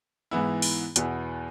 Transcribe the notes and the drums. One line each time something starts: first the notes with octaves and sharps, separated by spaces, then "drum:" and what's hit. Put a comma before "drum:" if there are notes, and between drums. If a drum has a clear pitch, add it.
G#2 E3 B3 E4
drum: open hi-hat
E2 B2 B3 E4, drum: hi-hat